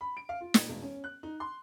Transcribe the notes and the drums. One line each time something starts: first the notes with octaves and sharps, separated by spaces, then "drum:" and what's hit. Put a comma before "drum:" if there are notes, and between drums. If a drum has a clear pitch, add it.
B5
D7
F5
F4
A#2, drum: snare
E1
C#4
F#6
D#4
C6